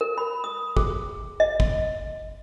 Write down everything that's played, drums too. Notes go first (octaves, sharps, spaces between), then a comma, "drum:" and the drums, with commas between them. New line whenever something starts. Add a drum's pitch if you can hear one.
A#4
B5
D#6
G#4, drum: kick G1
D#5
drum: kick G1